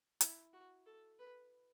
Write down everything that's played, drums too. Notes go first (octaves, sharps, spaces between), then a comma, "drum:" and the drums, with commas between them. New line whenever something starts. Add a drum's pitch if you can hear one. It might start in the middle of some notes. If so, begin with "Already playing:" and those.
E4, drum: hi-hat
F#4
A4
B4